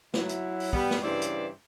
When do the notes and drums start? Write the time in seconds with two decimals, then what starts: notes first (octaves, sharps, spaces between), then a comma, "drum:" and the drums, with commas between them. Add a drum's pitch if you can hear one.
0.14 F#3 E4, drum: snare
0.29 drum: hi-hat
0.60 drum: open hi-hat
0.73 G3 B3, drum: kick
0.91 drum: snare
1.02 G2 C#3 E3 E4 C5 D5
1.22 drum: hi-hat